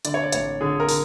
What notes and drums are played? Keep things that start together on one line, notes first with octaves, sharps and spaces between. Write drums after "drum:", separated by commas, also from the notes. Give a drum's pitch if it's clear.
D3 D5, drum: hi-hat
C#5
D5
A1 C#5, drum: hi-hat
D3 G#4
A#4
D3, drum: open hi-hat